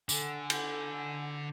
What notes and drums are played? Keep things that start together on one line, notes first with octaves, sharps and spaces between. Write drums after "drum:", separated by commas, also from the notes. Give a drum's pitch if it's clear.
D3 A4 F#5 G#5, drum: tambourine
drum: cymbal